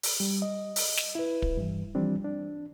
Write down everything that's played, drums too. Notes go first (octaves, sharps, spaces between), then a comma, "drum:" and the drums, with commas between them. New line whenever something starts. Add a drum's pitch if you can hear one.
drum: open hi-hat
G3
D#5
drum: open hi-hat
drum: snare
E4 B4
drum: kick
G2 E3
E3 F3 G3 C4 D4
D4